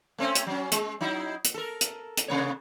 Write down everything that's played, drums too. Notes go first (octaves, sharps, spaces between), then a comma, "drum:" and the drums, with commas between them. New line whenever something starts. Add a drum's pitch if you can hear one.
A3 C4 C#4
drum: hi-hat
F#3 C#4
G#3, drum: hi-hat
F#3 D#4 E4
drum: hi-hat
A4 A#4
drum: hi-hat
drum: hi-hat
C3 A#3 C#5